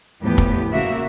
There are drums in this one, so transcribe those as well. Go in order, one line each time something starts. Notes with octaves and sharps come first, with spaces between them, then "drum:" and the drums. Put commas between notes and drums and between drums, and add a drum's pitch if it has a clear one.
E2 A2 F3 B3 G4
drum: kick
C#3 A#3 F#4 E5